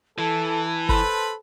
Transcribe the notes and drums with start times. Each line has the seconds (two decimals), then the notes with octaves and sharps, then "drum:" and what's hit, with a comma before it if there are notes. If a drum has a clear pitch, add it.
0.18 E3 A4 A5
0.89 A4 B4 C5 B5, drum: kick G#1